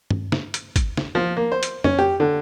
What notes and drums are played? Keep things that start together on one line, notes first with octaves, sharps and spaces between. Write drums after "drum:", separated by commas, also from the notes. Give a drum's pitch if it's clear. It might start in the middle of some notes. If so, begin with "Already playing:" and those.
drum: tom G2
drum: snare
drum: hi-hat
drum: kick, hi-hat
drum: snare
F3
A#3
C5
drum: hi-hat
C#4, drum: tom F2
G4
D3